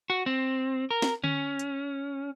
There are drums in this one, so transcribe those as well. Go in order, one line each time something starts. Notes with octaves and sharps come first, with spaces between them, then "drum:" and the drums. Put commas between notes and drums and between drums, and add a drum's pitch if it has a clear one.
F#4
C4
A#4
drum: snare
C#4, drum: tom D3
drum: hi-hat